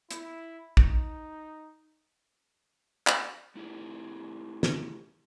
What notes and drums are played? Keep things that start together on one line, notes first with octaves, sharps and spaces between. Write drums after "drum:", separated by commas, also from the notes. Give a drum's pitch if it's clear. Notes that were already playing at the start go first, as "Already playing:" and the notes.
E4, drum: hi-hat
D#4, drum: kick
drum: clap
A3 E4 G4 G#4
drum: snare